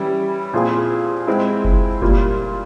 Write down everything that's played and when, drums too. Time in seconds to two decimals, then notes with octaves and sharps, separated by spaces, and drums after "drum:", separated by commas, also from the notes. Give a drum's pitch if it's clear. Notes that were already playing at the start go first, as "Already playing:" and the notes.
Already playing: E3 G3 C#4 E4 G4
0.53 A#2 F3 C4 F4 G#4
1.27 G#3 C4 E4
1.65 drum: kick F#1
2.02 A#2 G3 A#3 F4, drum: kick F#1